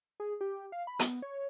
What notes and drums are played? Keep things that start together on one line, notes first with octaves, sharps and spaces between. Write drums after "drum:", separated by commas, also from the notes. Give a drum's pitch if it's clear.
G#4
G4
F5
B5
B3, drum: hi-hat
C#5